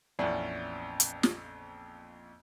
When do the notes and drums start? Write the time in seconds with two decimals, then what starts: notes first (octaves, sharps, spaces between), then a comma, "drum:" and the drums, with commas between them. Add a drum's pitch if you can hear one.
0.19 A#1 F2 E3 B3 C#4 D5
1.00 drum: hi-hat
1.23 drum: snare